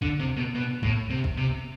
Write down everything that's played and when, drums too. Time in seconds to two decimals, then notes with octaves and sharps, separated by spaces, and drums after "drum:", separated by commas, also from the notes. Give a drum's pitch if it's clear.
0.02 D3, drum: kick
0.20 C3
0.37 B2
0.55 B2
0.83 A2, drum: kick
1.10 C3
1.24 drum: kick
1.37 C3